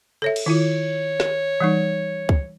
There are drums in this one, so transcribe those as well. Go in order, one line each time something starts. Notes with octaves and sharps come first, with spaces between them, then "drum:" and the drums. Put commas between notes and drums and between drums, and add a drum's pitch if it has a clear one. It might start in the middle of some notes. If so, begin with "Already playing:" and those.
A4 C#5 E5
drum: cymbal
D#3 E4 F4 C#5
drum: snare
E3 G3 D#4
drum: kick C#2